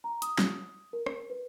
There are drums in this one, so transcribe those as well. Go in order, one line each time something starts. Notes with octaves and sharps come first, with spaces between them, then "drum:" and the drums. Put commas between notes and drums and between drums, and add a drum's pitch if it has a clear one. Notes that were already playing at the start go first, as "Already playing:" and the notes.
A#5
D#6, drum: hi-hat
drum: snare
A#4
drum: rim click
B4